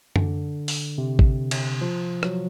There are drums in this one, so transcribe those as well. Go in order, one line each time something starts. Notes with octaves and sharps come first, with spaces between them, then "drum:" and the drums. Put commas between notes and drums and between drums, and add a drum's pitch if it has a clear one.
D3, drum: tom F#2
drum: open hi-hat
C3
drum: kick A1
drum: cymbal
F3
F#3, drum: rim click